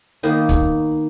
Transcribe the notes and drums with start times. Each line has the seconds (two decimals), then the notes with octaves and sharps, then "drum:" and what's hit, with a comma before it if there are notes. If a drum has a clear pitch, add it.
0.23 D#3 A#3 B3 D#4
0.49 drum: kick, hi-hat